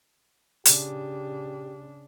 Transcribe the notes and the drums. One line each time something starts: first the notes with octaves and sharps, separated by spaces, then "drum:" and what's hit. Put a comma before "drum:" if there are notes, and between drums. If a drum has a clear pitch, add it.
C#3 D4 G4, drum: hi-hat